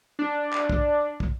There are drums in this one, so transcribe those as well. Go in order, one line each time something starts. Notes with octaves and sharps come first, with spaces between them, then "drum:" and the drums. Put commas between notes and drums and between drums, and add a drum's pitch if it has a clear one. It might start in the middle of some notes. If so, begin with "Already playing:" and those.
D4
drum: clap
drum: kick
drum: kick